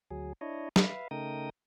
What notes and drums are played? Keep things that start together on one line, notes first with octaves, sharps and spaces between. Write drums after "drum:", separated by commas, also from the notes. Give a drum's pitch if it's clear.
D2 F#3 G#4
D4 E4 C#5 D#5
B4 E5 F5, drum: snare
C#3 A3 D#4 A#4 G5 D#6